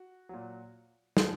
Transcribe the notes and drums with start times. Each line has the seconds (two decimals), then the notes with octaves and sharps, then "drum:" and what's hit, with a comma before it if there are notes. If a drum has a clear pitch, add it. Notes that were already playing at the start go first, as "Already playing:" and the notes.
Already playing: F#4
0.29 A#2 F#3
1.17 D3 F3 G#4, drum: snare